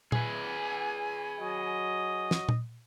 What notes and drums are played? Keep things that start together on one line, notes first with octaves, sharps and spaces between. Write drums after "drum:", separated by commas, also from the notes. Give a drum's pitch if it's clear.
G#4 B4 G#5, drum: tom A#2
F#3 F#4 D#5
drum: snare
drum: tom A#2